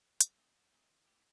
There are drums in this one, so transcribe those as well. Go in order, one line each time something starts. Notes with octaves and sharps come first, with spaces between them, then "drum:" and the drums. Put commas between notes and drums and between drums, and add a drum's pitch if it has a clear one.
F#3, drum: hi-hat
A3 C4 D#4 G#4
F#3
A3 C4 D#4 G#4
E3
A3 C4 E4 G4